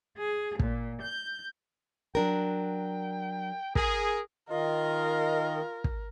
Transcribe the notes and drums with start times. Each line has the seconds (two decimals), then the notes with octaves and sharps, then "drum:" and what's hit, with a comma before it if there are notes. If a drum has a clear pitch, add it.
0.18 G#4
0.59 A#2, drum: kick
1.02 G6
2.15 F#3 D4 A#4 G5
3.75 G#4 A#4, drum: kick
4.50 D#3 F4 A#4 D#5 F5
5.84 drum: kick